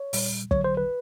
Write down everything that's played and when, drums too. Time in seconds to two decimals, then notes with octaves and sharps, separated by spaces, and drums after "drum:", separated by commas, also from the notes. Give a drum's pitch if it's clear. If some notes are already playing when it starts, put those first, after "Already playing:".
Already playing: C#5
0.13 A#2 G3, drum: open hi-hat
0.51 D3 F#3 C#5, drum: kick
0.64 C5
0.77 B4